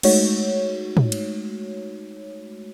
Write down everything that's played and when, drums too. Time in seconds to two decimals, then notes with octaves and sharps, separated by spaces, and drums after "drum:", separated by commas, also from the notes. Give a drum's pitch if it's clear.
0.03 G#3 A3 D#4 F#4 C#5, drum: cymbal
0.97 drum: tom
1.12 drum: cymbal